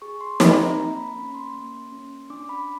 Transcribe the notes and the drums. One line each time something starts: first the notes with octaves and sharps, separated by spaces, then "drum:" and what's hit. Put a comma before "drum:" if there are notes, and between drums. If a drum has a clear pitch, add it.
G#4 C#6
C6
C4 B5, drum: snare
A#5
A#3 A#5
B5
C#4 B5
C6
A#3
C#4
D4 D6
B5